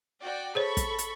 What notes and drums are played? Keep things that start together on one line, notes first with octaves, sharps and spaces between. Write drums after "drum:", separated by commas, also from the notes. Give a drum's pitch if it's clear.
F#4 D5 G5
G#4 A4 C5 C#5 B5 C#6
drum: kick, hi-hat
drum: hi-hat